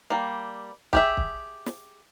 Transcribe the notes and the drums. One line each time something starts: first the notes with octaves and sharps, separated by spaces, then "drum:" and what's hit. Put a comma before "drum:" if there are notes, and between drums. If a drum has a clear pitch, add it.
G3 A#3
G4 G#4 E5, drum: kick
drum: kick
drum: snare